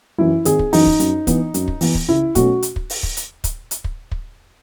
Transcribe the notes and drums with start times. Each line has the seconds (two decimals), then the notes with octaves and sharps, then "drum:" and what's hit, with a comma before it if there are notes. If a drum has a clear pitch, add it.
0.18 F#2 E3 E4
0.45 G#1 G#4, drum: hi-hat
0.59 drum: kick
0.73 F#2 E3 D#4, drum: open hi-hat
0.86 drum: kick
1.00 F#2, drum: hi-hat
1.27 E3 B3, drum: kick, hi-hat
1.54 F#2, drum: hi-hat
1.68 drum: kick
1.81 E3 B3, drum: open hi-hat
1.95 drum: kick
2.08 C#2 E4
2.35 B2 F#3 A3 C#4 F#4, drum: kick, hi-hat
2.62 drum: hi-hat
2.76 drum: kick
2.90 drum: open hi-hat
3.03 drum: kick
3.17 drum: hi-hat
3.44 drum: kick, hi-hat
3.71 drum: hi-hat
3.84 drum: kick
4.12 drum: kick